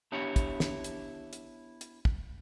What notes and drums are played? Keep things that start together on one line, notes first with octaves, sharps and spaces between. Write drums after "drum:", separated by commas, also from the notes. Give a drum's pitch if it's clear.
B3 D4 E4 G4 C#5 G5
drum: kick, hi-hat
drum: snare
drum: hi-hat
drum: hi-hat
drum: hi-hat
drum: kick